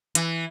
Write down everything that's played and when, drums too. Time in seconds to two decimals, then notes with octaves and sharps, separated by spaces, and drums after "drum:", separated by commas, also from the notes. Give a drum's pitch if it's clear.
0.15 E3, drum: hi-hat